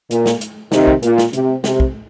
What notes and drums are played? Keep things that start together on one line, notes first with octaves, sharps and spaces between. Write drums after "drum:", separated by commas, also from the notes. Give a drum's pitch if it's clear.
A#2, drum: hi-hat
drum: snare
drum: hi-hat
C3 D#3, drum: snare
drum: kick
A#2, drum: hi-hat
drum: snare
C3, drum: hi-hat
C3, drum: snare
drum: kick